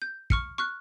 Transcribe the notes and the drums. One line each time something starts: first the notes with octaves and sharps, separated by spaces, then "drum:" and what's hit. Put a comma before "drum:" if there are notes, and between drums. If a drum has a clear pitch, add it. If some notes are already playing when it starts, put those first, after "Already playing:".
G6
C#6 F6 C#7, drum: kick
C#6 F6 F#6